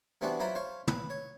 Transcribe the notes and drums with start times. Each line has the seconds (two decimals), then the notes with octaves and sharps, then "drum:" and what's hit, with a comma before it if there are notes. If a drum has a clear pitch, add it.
0.21 C3 E3 B3 C4 D4 F#4
0.40 F#3 E4 F4 C5 A#5 B5
0.55 C5 C#5 F5
0.88 B4, drum: tom
1.10 C#5